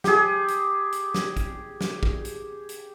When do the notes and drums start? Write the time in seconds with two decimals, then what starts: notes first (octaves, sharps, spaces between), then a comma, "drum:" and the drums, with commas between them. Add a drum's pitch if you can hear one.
0.04 G4 G#4, drum: snare
0.48 drum: hi-hat
0.92 drum: hi-hat
1.14 drum: snare
1.37 drum: kick, hi-hat
1.81 drum: snare
2.03 drum: kick
2.25 drum: hi-hat
2.69 drum: hi-hat